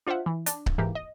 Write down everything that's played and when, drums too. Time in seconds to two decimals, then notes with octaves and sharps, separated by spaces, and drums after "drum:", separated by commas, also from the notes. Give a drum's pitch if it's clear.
0.07 D4 F4 C5 E5 F#5
0.26 E3
0.46 D4, drum: hi-hat
0.66 drum: kick C#1
0.78 G#2 E3 A#3 G4
0.95 D#5